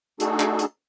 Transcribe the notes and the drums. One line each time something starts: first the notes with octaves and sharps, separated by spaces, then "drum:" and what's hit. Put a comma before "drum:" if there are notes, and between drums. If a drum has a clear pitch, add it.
A3 D4 D#4 F#4 G#4 A4, drum: hi-hat
drum: clap
drum: hi-hat